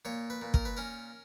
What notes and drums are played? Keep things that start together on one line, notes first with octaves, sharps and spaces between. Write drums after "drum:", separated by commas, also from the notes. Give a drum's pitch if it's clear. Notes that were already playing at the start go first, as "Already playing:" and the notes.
A#2 C#5
B4
A#2
A#4, drum: kick
B4
C#4 A#4